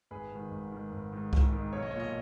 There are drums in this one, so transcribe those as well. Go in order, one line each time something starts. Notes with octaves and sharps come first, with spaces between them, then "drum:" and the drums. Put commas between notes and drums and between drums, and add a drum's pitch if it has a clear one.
G#1 G#4 B4
G#2 D#3
G#1
G#2 D#3
G#1
G#2 D#3
G#1, drum: kick C2
G#2 D#3
B1 C#5
D#5
A#2 C#5
D#5